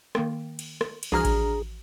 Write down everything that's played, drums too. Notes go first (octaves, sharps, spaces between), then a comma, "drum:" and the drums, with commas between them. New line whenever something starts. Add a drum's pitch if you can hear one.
D#3 A#3 G5, drum: rim click
drum: cymbal
drum: rim click
drum: cymbal
C2 E3 F3 D4 F#4 G#4 A#5 F6
drum: kick A1, cymbal